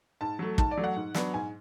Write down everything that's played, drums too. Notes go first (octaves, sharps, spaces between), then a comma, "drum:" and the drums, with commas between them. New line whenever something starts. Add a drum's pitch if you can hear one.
G#2 A5
F#3 A3
G#2 A5, drum: kick
D5
F#3 A3
F#5
G#2
F#3 B3 D4, drum: snare
G#2 G#5